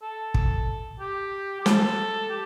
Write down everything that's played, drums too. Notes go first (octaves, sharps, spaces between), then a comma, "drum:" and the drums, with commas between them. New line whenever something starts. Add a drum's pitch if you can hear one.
A4
drum: kick
G4
G4
A4, drum: snare
G4